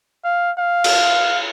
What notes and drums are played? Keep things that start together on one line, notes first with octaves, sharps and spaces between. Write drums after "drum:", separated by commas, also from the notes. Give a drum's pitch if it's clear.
F5
F5
drum: cymbal